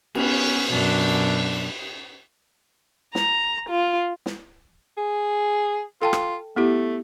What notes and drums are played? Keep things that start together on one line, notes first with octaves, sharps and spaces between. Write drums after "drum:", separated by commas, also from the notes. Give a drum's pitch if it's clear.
B3 C#4, drum: cymbal
F#2 B2 D4
A#5, drum: snare
F4
drum: snare
G#4
F4 A4 G5 A5
drum: rim click
A3 B3 E4 G4